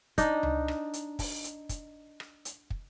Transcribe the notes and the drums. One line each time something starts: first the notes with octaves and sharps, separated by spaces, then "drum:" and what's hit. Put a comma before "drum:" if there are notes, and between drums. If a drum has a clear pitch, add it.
D4 D#4, drum: kick, hi-hat
drum: tom C#2
drum: rim click
drum: hi-hat
drum: kick, open hi-hat
drum: hi-hat
drum: kick, hi-hat
drum: rim click
drum: hi-hat
drum: kick